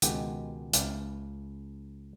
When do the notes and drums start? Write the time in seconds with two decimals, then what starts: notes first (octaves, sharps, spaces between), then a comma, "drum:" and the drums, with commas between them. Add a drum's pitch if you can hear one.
0.02 C#2 B2 D#3 G#3 G4 F#5, drum: hi-hat
0.73 C#2 D5 F5, drum: hi-hat